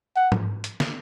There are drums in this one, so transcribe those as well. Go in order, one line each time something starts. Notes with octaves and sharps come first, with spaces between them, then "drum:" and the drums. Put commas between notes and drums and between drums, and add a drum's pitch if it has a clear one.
F#5
drum: tom G#2
drum: hi-hat
drum: snare